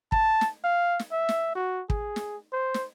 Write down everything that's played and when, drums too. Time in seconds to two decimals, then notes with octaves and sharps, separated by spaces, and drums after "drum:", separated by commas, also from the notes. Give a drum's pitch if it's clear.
0.12 A5, drum: kick
0.41 drum: snare
0.64 F5
0.99 drum: snare
1.12 E5
1.29 drum: snare
1.55 F#4
1.90 G#4, drum: kick
2.16 drum: snare
2.53 C5
2.74 drum: snare